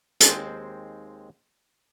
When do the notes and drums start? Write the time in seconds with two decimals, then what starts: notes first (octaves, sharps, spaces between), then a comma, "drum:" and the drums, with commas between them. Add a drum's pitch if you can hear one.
0.20 D#2 G#3 C4 C5, drum: hi-hat